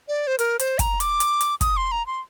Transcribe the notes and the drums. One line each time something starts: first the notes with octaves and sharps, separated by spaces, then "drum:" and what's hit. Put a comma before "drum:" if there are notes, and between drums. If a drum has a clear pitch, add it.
D5
C5
A#4, drum: hi-hat
C5, drum: hi-hat
A#5, drum: kick, hi-hat
D6, drum: hi-hat
drum: hi-hat
drum: hi-hat
D#6, drum: kick, hi-hat
C6
A#5
C6